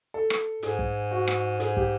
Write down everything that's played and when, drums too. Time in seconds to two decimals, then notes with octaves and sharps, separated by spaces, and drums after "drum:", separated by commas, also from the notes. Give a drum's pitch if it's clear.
0.14 A4
0.30 drum: rim click
0.62 G#2 G#4, drum: hi-hat
0.79 drum: kick
1.11 F#4
1.28 drum: rim click
1.60 G#2 G#4, drum: hi-hat
1.77 G4, drum: kick